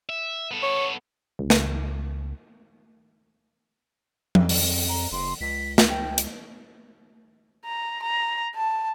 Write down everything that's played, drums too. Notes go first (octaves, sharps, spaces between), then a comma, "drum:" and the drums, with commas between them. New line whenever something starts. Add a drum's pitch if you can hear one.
E5
B3 A4
C#5
C#2
drum: snare
F2, drum: tom F3
drum: open hi-hat
A#5
F#1 C6
C#2 B6
drum: snare
G5
drum: hi-hat
A#5
A#5
A5